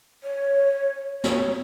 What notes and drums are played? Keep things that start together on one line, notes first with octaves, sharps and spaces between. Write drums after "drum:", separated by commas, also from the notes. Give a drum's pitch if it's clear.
C#5
C#5, drum: snare